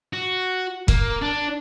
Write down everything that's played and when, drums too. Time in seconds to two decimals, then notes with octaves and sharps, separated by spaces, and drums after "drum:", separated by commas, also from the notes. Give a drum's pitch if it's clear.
0.13 F#4
0.88 A#3, drum: kick
1.22 D4